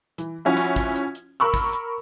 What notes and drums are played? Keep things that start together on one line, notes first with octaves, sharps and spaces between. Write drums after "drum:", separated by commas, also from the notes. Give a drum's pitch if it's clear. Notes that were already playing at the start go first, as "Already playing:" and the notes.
E3, drum: hi-hat
F3 C#4 E4 F#4
drum: clap
drum: kick, hi-hat
drum: hi-hat
drum: hi-hat
A#4 B5 C#6 E6
drum: kick, hi-hat
drum: hi-hat